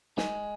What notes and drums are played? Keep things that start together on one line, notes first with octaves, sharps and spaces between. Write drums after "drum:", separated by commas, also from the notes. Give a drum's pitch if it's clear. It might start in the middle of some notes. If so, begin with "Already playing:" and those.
G#3, drum: snare